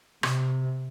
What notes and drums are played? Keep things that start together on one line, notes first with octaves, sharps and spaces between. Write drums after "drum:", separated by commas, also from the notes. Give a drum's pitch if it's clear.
C3, drum: rim click